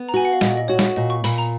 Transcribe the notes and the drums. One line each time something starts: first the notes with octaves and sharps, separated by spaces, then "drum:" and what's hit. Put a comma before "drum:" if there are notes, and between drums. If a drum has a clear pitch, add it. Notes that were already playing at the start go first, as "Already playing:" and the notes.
Already playing: B3
A#5
F#4 G#5
F#5
F5
A#2 D#5, drum: snare
D#5
F#4 C#5
drum: snare
A#2 D#5
C#6
A#2 B5, drum: open hi-hat
A#5